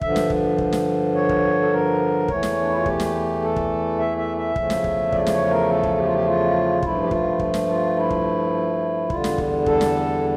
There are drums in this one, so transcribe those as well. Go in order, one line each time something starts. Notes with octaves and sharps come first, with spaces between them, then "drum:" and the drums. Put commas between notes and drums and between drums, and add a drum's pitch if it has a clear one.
G2 D3 F3 E5, drum: kick
drum: snare
drum: kick
drum: kick
drum: snare
C#5
drum: kick
A4
A#4
E2 E3 A3 C#5, drum: kick
drum: snare
D4
E4
F4
G4, drum: kick
drum: snare
A4
drum: kick
E5
E5
E5
E2 C#3 F3 A3, drum: kick
drum: snare
drum: kick
D5, drum: kick
D5, drum: snare
C#5
A#4
A4
drum: kick
G4
F4
G4
F4
G2 F3 A3 E4, drum: kick
G4
F4, drum: kick
drum: kick
drum: snare
F4
E4
drum: kick
E2 D3 G3 F4, drum: kick
drum: snare
drum: kick
A4, drum: kick
drum: snare